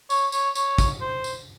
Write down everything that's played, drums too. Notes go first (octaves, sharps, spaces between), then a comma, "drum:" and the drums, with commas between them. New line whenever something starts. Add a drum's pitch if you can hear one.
C#5, drum: tambourine
C#5, drum: tambourine
C#5, drum: tambourine
drum: kick, tambourine
C5
drum: tambourine